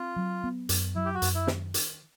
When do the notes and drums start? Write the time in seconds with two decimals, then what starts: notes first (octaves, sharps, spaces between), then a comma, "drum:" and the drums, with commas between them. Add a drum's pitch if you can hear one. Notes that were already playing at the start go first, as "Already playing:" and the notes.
Already playing: C4 F4
0.16 F#3
0.44 B3
0.69 F#2, drum: hi-hat
0.95 F#3 E4
1.05 G4
1.15 F#4
1.22 F#2, drum: hi-hat
1.35 E4
1.47 D#3, drum: snare
1.74 drum: hi-hat